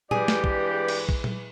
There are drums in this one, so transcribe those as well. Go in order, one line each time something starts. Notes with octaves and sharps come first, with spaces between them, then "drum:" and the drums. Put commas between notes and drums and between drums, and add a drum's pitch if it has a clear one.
G2 E3 G#3 G4 G#4 D5, drum: tom A#2
drum: snare
drum: kick A#1
drum: cymbal
drum: kick A#1
drum: tom A#2